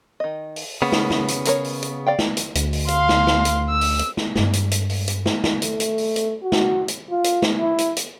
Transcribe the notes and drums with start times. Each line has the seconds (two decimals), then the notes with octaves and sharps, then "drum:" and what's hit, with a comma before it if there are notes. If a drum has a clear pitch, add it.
0.20 D#3 D#5
0.56 drum: open hi-hat
0.82 C#3 A#3 B3
0.92 drum: snare
1.10 drum: snare
1.28 drum: hi-hat
1.45 G#4 A#4 C#5, drum: hi-hat
1.64 drum: open hi-hat
1.83 drum: hi-hat
2.07 D5 F5 G5
2.19 drum: snare
2.37 drum: hi-hat
2.55 D2, drum: hi-hat
2.73 drum: open hi-hat
2.88 F5 C6, drum: hi-hat
3.09 drum: snare
3.27 drum: snare
3.45 drum: hi-hat
3.70 E6
3.81 drum: open hi-hat
3.99 drum: hi-hat
4.17 drum: snare
4.35 G2 G#3, drum: snare
4.53 drum: hi-hat
4.71 drum: hi-hat
4.90 drum: open hi-hat
5.08 drum: hi-hat
5.26 drum: snare
5.44 drum: snare
5.62 A3, drum: hi-hat
5.80 drum: hi-hat
5.98 drum: open hi-hat
6.16 drum: hi-hat
6.43 F#4
6.52 drum: snare
6.88 drum: hi-hat
7.10 F4
7.24 drum: hi-hat
7.42 drum: snare
7.57 E4
7.78 drum: hi-hat
7.97 drum: hi-hat